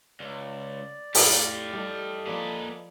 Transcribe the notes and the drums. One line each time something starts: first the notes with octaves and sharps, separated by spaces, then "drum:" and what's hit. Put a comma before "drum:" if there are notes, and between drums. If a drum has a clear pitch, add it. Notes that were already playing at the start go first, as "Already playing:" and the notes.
C#2 D5
A2 G4 F5, drum: open hi-hat
G3 A4 D#5
F3 A#3 B4 D5 G#5